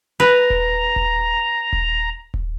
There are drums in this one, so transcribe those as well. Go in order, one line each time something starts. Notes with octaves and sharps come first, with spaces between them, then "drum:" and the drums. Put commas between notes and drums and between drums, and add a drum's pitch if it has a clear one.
B4 A#5
drum: kick D#1
drum: kick D#1
drum: kick D#1
drum: kick D#1